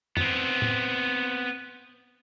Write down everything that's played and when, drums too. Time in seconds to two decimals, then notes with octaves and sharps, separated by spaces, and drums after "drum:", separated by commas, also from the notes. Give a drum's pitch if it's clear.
0.17 B3 C4, drum: tom
0.62 drum: tom